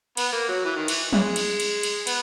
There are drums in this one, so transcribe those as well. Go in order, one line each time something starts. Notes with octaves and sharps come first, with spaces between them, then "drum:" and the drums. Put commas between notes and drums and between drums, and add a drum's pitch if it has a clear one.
B3, drum: cymbal
A#3
F#3
E3
D#3
E3, drum: cymbal
C#3 E3 G#3, drum: tom F3
drum: cymbal
drum: cymbal
drum: cymbal
B3, drum: cymbal